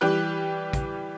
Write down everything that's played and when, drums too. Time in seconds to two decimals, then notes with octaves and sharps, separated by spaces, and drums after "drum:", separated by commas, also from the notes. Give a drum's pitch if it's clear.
0.01 E3 G3 G4 B4 F#6
0.73 drum: kick, hi-hat